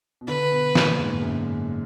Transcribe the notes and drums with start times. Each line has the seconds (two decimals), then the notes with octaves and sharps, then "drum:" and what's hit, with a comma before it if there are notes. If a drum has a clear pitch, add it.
0.21 B2
0.27 D3 B4
0.51 B2
0.75 A#2, drum: snare
0.98 G#2
1.11 G#2
1.22 F#2